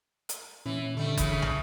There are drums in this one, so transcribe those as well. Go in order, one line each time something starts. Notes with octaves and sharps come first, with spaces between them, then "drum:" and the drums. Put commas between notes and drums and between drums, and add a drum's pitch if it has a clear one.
drum: hi-hat
A#2 E3 C#4
D3 G3 A3
C#3 E3, drum: kick, hi-hat
drum: tom